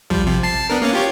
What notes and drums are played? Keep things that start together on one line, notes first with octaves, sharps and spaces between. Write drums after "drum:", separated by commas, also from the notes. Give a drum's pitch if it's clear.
F3 G3, drum: kick
C3 F3
A5 C7
B3 D4 A#4
A#3 C#4 F5
F4 G4 C#5